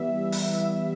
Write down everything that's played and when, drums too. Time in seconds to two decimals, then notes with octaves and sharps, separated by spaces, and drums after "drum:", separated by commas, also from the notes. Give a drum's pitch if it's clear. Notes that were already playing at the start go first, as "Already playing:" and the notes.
Already playing: E3 G3 B3 E5
0.14 E3
0.32 drum: open hi-hat
0.51 G3 B3